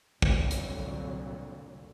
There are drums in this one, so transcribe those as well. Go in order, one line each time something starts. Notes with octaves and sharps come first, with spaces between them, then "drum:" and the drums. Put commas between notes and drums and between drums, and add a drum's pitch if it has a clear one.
C2 F2 A#2 D3 F#3, drum: kick
drum: hi-hat